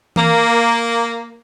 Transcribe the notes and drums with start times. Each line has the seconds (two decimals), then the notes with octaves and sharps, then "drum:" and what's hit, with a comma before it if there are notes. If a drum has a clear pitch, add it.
0.16 A#3, drum: tom E3